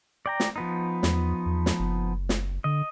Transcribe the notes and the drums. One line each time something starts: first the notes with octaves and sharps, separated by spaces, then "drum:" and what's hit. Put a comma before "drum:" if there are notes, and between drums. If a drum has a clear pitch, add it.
D5 G5 A#5
drum: snare
F3 B3 D#4
E2, drum: snare
E2
drum: snare
F#1
drum: snare
D3 D#5